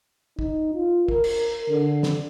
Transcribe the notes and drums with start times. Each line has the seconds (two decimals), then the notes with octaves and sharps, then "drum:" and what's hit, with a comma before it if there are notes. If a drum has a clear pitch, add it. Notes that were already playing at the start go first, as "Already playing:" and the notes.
0.39 D#4, drum: kick
0.74 F4
1.08 A#4, drum: kick
1.24 drum: cymbal
1.70 D3
2.03 drum: snare